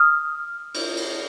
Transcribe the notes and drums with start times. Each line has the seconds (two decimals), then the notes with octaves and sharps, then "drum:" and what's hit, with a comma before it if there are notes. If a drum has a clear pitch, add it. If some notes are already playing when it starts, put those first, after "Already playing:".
Already playing: D#6 F6
0.74 drum: cymbal
0.97 drum: cymbal